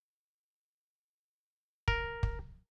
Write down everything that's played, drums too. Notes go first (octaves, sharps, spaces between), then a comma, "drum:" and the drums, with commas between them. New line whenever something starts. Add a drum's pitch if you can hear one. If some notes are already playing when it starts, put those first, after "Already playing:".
A#4, drum: kick
drum: kick